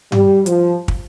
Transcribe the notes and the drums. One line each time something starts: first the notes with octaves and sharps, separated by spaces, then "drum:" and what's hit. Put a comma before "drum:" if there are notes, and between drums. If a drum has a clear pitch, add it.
G3, drum: tom G2
F3, drum: hi-hat
drum: kick